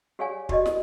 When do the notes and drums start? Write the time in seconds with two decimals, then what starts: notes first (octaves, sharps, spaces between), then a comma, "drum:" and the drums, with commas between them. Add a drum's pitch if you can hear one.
0.19 G4 G#4 C#5 D5 F5 G#5
0.49 F#4 G4 D5 D#5, drum: kick
0.66 A#4, drum: snare